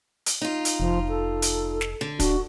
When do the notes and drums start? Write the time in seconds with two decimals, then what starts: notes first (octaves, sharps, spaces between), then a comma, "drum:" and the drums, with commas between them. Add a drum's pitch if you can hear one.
0.26 drum: hi-hat
0.42 D#4 F4
0.65 drum: hi-hat
0.80 F1 F3
1.09 A4
1.42 drum: hi-hat
1.81 drum: snare
2.01 D3
2.19 D4 F#4, drum: kick, hi-hat